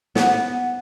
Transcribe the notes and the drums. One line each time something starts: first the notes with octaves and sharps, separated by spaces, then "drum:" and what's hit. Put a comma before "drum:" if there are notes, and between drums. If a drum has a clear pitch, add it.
B3, drum: snare